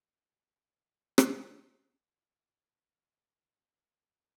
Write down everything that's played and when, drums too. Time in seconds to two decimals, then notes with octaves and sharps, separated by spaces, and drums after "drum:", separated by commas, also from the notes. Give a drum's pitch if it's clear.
0.02 D#4 D#5
1.18 drum: rim click
2.83 B4
3.16 C#7
3.61 D4
3.96 A#4